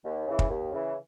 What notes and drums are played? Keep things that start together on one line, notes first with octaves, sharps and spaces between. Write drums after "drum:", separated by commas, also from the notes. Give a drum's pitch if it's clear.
D#2
C#3 E3
drum: kick
D#2
C#3 E3